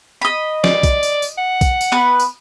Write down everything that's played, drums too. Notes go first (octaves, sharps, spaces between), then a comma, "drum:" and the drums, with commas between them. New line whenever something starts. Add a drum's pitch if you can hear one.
D#5 B5
D5, drum: snare
drum: kick B1, tambourine
drum: tambourine
drum: tambourine
F#5
drum: kick B1, tambourine
drum: tambourine
B3 B4
drum: tambourine